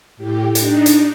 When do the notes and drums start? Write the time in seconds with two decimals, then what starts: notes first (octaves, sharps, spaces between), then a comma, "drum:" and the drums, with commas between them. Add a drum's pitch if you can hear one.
0.17 A2 G4
0.55 D4 D#4, drum: hi-hat
0.86 drum: hi-hat